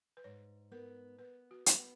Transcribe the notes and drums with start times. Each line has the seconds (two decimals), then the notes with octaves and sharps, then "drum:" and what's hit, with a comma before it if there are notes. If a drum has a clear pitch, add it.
0.17 B4
0.24 G#2 C#5
0.71 B3 A#4
1.19 B3 B4
1.51 F#4
1.66 B3, drum: hi-hat